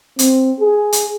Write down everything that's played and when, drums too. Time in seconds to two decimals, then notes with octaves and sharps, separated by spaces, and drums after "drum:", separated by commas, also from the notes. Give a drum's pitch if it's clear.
0.19 C4, drum: hi-hat
0.60 G#4
0.92 drum: hi-hat